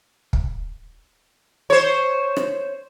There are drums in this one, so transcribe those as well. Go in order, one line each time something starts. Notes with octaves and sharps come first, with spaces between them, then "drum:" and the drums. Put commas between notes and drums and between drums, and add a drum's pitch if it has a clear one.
drum: kick
C5 C#5
drum: rim click